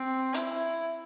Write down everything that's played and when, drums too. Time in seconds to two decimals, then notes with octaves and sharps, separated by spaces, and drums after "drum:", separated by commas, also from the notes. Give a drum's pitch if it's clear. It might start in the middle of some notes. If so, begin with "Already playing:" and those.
Already playing: C4
0.34 E4, drum: hi-hat